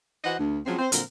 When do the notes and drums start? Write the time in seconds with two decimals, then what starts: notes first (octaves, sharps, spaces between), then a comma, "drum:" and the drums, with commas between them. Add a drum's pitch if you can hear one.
0.24 E3 F#4 C5 D#5 F#5
0.39 D2
0.66 F3 F#3 G#3 C4 C#4 F4
0.79 C4 C5
0.92 A#2 D3 F3 F#3 C4 A#4, drum: hi-hat